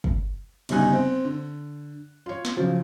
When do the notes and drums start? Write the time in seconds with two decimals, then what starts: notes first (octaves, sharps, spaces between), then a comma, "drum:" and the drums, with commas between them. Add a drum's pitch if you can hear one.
0.04 drum: kick
0.69 G1 C#3 G3 D#4 G#5 F#6, drum: cymbal
0.93 C4
1.25 D3
2.26 F4 C#5
2.45 drum: snare
2.57 C#3 F3 F#3